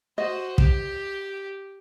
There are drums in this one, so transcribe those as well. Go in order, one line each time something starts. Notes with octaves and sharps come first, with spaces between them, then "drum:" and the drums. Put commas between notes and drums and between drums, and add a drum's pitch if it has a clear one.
F#4 C5 D#5
G4, drum: kick